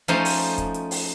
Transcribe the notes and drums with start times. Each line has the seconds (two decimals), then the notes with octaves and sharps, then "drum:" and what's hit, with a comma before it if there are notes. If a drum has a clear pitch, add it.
0.08 F3 A3 C#4 D#4 C5 C#5, drum: hi-hat
0.25 drum: open hi-hat
0.58 drum: kick, hi-hat
0.74 drum: hi-hat
0.91 drum: open hi-hat